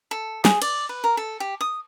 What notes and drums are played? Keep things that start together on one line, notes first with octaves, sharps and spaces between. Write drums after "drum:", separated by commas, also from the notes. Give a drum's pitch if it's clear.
A4
G#4, drum: snare
D5, drum: cymbal
B4
A#4
A4
G4
D#6